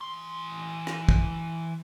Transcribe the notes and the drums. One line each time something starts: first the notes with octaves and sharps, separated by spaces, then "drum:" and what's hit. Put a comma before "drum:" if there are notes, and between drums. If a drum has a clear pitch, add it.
E3 C6
drum: rim click
drum: kick